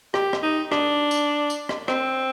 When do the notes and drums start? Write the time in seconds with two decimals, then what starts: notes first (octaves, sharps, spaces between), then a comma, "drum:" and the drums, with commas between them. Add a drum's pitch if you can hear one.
0.14 G4, drum: rim click
0.33 drum: rim click
0.43 D#4
0.72 D4, drum: rim click
1.11 drum: tambourine
1.50 drum: tambourine
1.69 drum: rim click
1.88 C4, drum: rim click